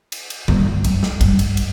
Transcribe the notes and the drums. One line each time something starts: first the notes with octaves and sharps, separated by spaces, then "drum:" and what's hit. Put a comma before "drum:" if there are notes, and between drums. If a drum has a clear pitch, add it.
drum: cymbal
drum: cymbal
G2, drum: tom D3
F#2, drum: cymbal
drum: snare
G2, drum: kick G#1, cymbal
drum: cymbal
drum: cymbal